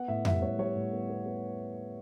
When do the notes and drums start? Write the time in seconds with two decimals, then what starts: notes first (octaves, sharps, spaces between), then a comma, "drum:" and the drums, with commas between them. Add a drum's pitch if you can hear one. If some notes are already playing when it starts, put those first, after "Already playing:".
Already playing: B3 F#5
0.08 A2 E5
0.25 G3 E5, drum: tom F2
0.42 A2 C#5
0.58 G3 C#5
0.76 A2
0.93 B3
1.09 B3
1.26 B3